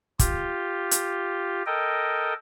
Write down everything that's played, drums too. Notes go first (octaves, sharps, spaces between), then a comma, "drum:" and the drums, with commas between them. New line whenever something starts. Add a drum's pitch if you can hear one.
F4 G4, drum: kick, hi-hat
drum: hi-hat
A4 A#4 D#5 G5